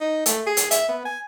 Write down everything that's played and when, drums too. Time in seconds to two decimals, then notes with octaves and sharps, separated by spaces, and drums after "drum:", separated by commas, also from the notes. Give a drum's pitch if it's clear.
0.01 D#4
0.26 A3, drum: hi-hat
0.47 G#4
0.57 drum: hi-hat
0.71 E5, drum: hi-hat
0.89 B3
1.05 G#5